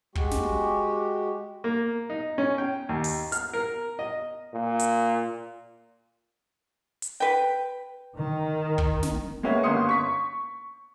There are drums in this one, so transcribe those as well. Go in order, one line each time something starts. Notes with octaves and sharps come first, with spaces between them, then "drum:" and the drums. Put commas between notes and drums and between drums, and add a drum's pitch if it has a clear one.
G#3 F#4 G4, drum: kick
drum: snare
A#3
D#4
C#4
G5
D#2
drum: open hi-hat
F6, drum: hi-hat
A#4
D#5
A#2
drum: hi-hat
drum: hi-hat
B4 G5
D#3
drum: kick
drum: snare
G#3 A#3 B3 C#4 E5
G1 A#3 C#4 C6 D#6 C#7
C#6 B6